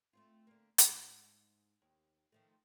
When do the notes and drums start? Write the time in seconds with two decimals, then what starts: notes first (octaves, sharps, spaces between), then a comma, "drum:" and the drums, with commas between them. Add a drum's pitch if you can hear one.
0.13 A3 C4 F4
0.47 D3 A#3
0.78 G#2, drum: hi-hat
1.82 D#2
2.32 D#3 F3 A3